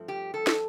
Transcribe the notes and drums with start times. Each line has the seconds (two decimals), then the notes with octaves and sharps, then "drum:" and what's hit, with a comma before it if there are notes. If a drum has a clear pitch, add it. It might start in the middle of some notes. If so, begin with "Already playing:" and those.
Already playing: G2 F3 A3 C4
0.08 G4
0.34 A4
0.47 drum: snare